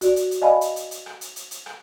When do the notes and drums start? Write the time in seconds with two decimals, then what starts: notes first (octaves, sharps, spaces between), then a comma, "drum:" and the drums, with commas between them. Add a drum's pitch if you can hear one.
0.01 F#4 D5, drum: hi-hat
0.16 drum: hi-hat
0.31 drum: hi-hat
0.41 D5 D#5 F5 G#5 A5 B5
0.61 drum: hi-hat
0.76 drum: hi-hat
0.91 drum: hi-hat
1.06 drum: rim click
1.21 drum: hi-hat
1.36 drum: hi-hat
1.51 drum: hi-hat
1.66 drum: rim click